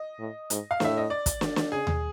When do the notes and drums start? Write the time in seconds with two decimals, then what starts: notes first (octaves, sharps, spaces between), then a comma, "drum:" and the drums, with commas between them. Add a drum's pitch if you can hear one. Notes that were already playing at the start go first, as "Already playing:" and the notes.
Already playing: D#5
0.19 A2
0.50 G#2, drum: hi-hat
0.71 F5
0.80 A2 E5, drum: snare
0.97 D#5
1.10 D5
1.26 drum: kick, hi-hat
1.41 drum: snare
1.56 drum: snare
1.72 C#3 G#4
1.87 drum: tom D#2